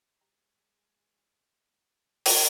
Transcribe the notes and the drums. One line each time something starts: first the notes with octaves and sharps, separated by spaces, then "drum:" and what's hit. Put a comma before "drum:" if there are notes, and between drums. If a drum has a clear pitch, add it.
G#3 G4 G#5 A#5
drum: open hi-hat